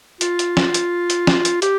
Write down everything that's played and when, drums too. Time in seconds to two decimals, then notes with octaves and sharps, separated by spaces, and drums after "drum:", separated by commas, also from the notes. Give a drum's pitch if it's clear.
0.21 F4, drum: hi-hat
0.39 drum: hi-hat
0.57 drum: snare
0.74 drum: hi-hat
1.10 drum: hi-hat
1.27 drum: snare
1.45 drum: hi-hat
1.62 G4, drum: hi-hat